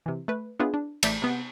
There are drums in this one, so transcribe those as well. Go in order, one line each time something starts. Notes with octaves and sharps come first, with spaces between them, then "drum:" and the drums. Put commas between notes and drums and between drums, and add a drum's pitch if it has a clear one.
C3 E3
A3 B4
B3 D4 E4 F4 G#4 B4
D4
A1 A3 D5 G6 B6, drum: cymbal
C3 B3